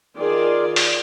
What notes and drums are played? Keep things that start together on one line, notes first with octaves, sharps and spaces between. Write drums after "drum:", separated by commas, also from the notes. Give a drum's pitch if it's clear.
D#3 F4 G#4 D5
drum: open hi-hat